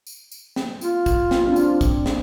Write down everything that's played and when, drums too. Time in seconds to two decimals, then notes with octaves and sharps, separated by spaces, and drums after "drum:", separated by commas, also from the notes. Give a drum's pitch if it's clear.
0.07 drum: tambourine
0.31 drum: tambourine
0.56 drum: snare
0.81 F4, drum: tambourine
1.06 drum: kick, tambourine
1.31 drum: snare
1.46 C4 D4 G4
1.56 drum: tambourine
1.81 drum: kick, tambourine
2.06 drum: snare